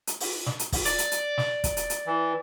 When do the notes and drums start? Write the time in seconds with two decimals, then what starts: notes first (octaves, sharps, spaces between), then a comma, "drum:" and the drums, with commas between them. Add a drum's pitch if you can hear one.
0.07 drum: hi-hat
0.20 drum: open hi-hat
0.46 drum: snare
0.59 drum: hi-hat
0.72 drum: kick, open hi-hat
0.85 D5, drum: hi-hat
0.99 drum: hi-hat
1.12 drum: hi-hat
1.38 drum: snare
1.64 drum: kick, hi-hat
1.77 drum: hi-hat
1.90 drum: hi-hat
2.06 E3